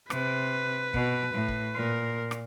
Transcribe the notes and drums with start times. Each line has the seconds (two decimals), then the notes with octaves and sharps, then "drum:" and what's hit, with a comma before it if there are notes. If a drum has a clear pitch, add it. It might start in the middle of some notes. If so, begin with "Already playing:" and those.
0.10 C3 B4, drum: rim click
0.94 B2, drum: kick
1.34 A2
1.48 drum: kick
1.75 A#2 A#4
2.31 drum: rim click